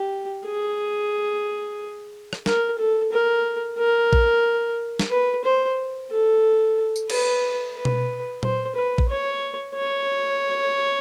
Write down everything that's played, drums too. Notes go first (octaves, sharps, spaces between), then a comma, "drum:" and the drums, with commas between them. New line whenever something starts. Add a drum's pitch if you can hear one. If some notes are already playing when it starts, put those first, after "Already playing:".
Already playing: G4
G#4
drum: rim click
A#4, drum: snare
A4
A#4
A#4
drum: kick A#1
drum: snare
B4
C5
A4
drum: tambourine
B4, drum: cymbal
B4
drum: tom B2
C5, drum: tom A#2
B4
drum: kick A#1
C#5
C#5